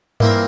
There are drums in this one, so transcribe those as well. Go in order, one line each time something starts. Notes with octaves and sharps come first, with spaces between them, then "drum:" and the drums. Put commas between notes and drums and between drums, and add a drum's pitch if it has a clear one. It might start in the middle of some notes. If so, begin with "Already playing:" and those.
E3 G3 A#3 C4 F4 A#4, drum: tom G2